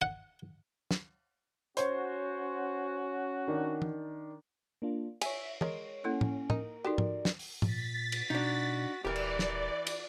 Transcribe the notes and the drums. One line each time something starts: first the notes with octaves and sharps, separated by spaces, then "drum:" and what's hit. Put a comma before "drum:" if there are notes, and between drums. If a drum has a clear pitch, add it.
F#5
drum: snare
C#4 F#4 C5 C#5, drum: hi-hat
D#3 D4
drum: tom
A#3 D4 F4
C#5 E5 G#5 B6, drum: cymbal
G#3 A#4 C#5, drum: tom
A#3 C#4 E4 A4
drum: tom A2
D#4 A#4, drum: tom A2
D#4 F#4 G4 A4 D5
drum: tom G#2
drum: snare
drum: open hi-hat
A#2 A6 B6, drum: tom G#2
drum: cymbal
B2 D4 D#4 F#4
D#1 E3 G4 A#4 D5
drum: cymbal
drum: snare
drum: cymbal